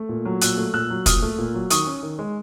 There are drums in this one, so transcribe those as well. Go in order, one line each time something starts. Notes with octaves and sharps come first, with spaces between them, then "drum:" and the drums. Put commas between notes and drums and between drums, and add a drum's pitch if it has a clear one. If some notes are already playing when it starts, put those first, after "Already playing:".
Already playing: A3
A#2
F#3
A#2 E6 F#6, drum: hi-hat
A3
A#2 E6 F#6
F#3
A#2 D#6 F6, drum: kick, hi-hat
A3
A#2
F#3
D#3 C#6 D#6, drum: hi-hat
C#4
D#3
G#3